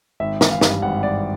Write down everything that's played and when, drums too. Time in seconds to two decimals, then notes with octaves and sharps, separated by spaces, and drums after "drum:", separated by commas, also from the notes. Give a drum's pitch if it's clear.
0.20 G#1 E5
0.41 E3, drum: snare
0.51 F5
0.61 G2, drum: snare
0.82 G#1 F#5
1.03 G2 D5